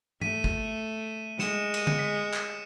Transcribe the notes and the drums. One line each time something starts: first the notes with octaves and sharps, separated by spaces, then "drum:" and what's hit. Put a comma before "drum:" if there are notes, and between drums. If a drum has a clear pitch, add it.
A3 B6 D#7, drum: tom G#2
drum: kick G1
G#3 C#7 E7, drum: snare
D#7, drum: cymbal
C#7, drum: tom D3
B6
drum: clap